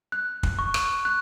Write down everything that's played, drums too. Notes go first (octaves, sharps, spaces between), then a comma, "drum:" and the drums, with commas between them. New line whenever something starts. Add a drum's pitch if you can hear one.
F#6
drum: kick
C#6
drum: rim click
F#6